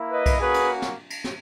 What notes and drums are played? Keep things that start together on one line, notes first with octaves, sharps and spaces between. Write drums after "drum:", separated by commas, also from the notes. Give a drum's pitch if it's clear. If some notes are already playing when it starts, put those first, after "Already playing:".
Already playing: A#3 E4
B4 D#5
drum: kick B1, cymbal
A#3 C#4 F#4 G#4 B4
drum: cymbal
drum: snare
drum: cymbal
drum: snare